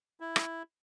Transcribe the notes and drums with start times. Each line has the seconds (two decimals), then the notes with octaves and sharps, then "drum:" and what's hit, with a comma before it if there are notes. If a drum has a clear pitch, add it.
0.20 E4
0.36 drum: rim click